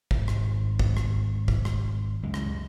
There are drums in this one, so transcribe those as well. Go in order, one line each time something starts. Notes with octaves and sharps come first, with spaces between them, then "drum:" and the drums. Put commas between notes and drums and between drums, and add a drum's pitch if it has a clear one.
G#1, drum: kick
drum: rim click
drum: kick
drum: rim click
drum: kick
drum: rim click
C#2 F#2 G#3
drum: rim click